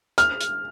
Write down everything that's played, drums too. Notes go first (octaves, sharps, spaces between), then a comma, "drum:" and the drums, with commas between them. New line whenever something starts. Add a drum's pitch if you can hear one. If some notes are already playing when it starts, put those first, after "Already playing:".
F6, drum: hi-hat
drum: hi-hat